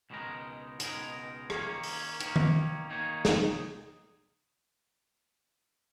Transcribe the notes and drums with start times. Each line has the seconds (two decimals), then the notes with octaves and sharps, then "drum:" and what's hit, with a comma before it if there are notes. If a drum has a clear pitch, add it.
0.10 C#2 B2 G#3 D#4 A#4
0.80 C#2 B2 G#3 D#4 A#4, drum: hi-hat
1.50 D#3 A#3 C#4, drum: rim click
1.83 drum: open hi-hat
2.20 D#3 A#3 C#4, drum: hi-hat
2.36 drum: tom D#3
2.89 D#3 A#3 D#4 G#4 C#5
3.25 drum: snare